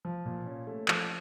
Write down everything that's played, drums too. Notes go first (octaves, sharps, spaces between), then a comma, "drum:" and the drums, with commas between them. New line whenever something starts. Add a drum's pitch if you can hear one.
F3
A#2
C#4
A3
F3, drum: clap